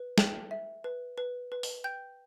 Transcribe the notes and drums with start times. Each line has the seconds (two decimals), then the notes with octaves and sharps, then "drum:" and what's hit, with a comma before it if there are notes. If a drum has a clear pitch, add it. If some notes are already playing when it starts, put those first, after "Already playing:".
Already playing: B4
0.18 G5, drum: snare
0.51 E5
0.84 B4
1.18 B4
1.52 B4
1.63 drum: open hi-hat
1.84 G5 G6